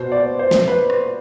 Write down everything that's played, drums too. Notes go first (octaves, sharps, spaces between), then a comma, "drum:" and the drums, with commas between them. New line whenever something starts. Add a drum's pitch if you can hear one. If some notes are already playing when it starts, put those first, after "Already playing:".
Already playing: B2 B3 C5
D5
C5
drum: snare
B4
drum: rim click